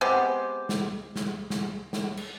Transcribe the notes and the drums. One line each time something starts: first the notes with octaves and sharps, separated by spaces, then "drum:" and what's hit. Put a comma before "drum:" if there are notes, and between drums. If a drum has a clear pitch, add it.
G#3 B3 C4 G4
drum: snare
drum: snare
drum: snare
drum: snare
drum: cymbal